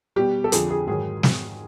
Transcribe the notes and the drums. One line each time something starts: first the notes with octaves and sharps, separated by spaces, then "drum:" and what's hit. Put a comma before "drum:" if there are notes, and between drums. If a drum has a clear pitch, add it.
B2 G3 G4
A4
F2 D3 F3 G#4, drum: hi-hat
G#4
G#2 D#3 F#3 G#4
drum: snare